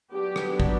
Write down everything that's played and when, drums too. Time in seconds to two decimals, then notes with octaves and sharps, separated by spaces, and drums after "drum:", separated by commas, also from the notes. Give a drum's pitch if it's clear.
0.12 F#3 B3 D4 G4
0.36 drum: rim click
0.60 drum: kick